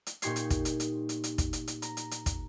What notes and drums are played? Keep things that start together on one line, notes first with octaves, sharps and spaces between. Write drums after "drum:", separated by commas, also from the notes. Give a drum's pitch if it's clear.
drum: hi-hat
A#2 D#4 G4 C#6 G#6 C7, drum: hi-hat
drum: hi-hat
drum: kick, hi-hat
drum: hi-hat
drum: hi-hat
drum: hi-hat
drum: hi-hat
drum: kick, hi-hat
drum: hi-hat
drum: hi-hat
A#5, drum: hi-hat
drum: hi-hat
drum: hi-hat
drum: kick, hi-hat